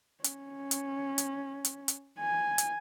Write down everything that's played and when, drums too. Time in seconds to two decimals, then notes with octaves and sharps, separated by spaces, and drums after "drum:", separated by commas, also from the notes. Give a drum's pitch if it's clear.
0.24 C#4, drum: hi-hat
0.71 drum: hi-hat
1.18 drum: hi-hat
1.65 drum: hi-hat
1.88 drum: hi-hat
2.20 G#5
2.58 drum: hi-hat